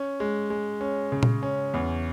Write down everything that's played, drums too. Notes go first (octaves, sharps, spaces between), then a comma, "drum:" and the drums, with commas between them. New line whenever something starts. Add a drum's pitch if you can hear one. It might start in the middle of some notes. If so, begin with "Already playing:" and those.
Already playing: C#4
G#3
G#3
C#4
C#3
drum: tom A#2
C#4
E2